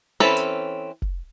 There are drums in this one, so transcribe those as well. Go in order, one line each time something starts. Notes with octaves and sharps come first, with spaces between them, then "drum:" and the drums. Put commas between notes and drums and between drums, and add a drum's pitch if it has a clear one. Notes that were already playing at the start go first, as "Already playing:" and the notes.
E3 C4 C#4 A4 B5
drum: hi-hat
drum: kick